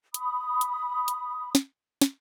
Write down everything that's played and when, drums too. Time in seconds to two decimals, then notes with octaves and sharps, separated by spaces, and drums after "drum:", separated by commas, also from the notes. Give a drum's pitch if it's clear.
0.14 B5 D#6, drum: hi-hat
0.61 drum: hi-hat
1.08 drum: hi-hat
1.55 drum: snare
2.02 drum: snare